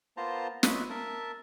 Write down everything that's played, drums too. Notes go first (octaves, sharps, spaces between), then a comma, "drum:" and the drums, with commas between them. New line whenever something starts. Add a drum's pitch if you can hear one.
A#3 B3 F4 C5 A5 A#5
F4 B4 C#5 D#5 E5, drum: snare
A#4 E5 A5